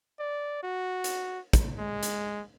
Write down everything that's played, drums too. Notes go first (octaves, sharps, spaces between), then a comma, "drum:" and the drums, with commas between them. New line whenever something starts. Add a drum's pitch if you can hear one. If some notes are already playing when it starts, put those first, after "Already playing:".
D5
F#4
drum: hi-hat
drum: kick, hi-hat
G#3
drum: hi-hat